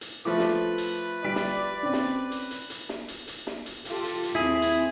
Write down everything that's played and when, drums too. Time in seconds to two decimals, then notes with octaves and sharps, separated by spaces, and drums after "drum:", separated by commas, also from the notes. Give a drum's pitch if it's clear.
0.01 drum: hi-hat
0.25 F3 A3 F4 A4 B4 D6
0.40 drum: snare
0.78 drum: hi-hat
1.24 G3 D5 B6 D7
1.36 drum: snare
1.83 C4 C#4
1.93 drum: snare
2.32 drum: hi-hat
2.51 drum: hi-hat
2.70 drum: hi-hat
2.89 drum: snare
3.08 drum: hi-hat
3.28 drum: hi-hat
3.47 drum: snare
3.66 drum: hi-hat
3.85 F4 G4 A4, drum: hi-hat
4.04 drum: hi-hat
4.24 drum: hi-hat
4.35 D#2 C4 E4 G#4
4.62 drum: hi-hat